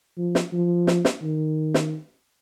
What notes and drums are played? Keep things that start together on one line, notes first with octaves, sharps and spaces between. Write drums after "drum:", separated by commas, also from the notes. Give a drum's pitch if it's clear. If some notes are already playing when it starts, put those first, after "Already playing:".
F3
drum: snare
F3
drum: snare
drum: snare
D#3
drum: snare